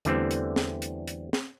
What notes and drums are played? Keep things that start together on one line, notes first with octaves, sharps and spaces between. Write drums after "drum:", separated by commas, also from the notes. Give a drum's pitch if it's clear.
E2 D3 E3 G3 A3 C4, drum: hi-hat
drum: hi-hat
drum: snare
drum: hi-hat
drum: hi-hat
drum: snare